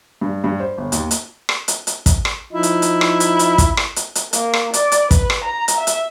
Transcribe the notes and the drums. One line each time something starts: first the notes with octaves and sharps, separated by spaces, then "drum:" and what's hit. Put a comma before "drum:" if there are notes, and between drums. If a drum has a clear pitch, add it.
G2
G2
C5
G1
D#2, drum: hi-hat
drum: hi-hat
drum: rim click
drum: hi-hat
drum: hi-hat
drum: kick, hi-hat
drum: rim click
F3 D#4 E4
drum: hi-hat
drum: hi-hat
drum: rim click
drum: hi-hat
drum: hi-hat
drum: kick, hi-hat
drum: rim click
drum: hi-hat
drum: hi-hat
A#3, drum: hi-hat
drum: rim click
D5, drum: hi-hat
drum: hi-hat
B4, drum: kick, hi-hat
drum: rim click
A#5
drum: hi-hat
E5
drum: hi-hat